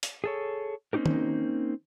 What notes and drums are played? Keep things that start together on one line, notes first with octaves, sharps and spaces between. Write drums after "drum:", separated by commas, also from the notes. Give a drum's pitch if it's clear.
drum: hi-hat
G#4 A4 C#5
A#3 C4 C#4 D#4 G4 A#4
drum: tom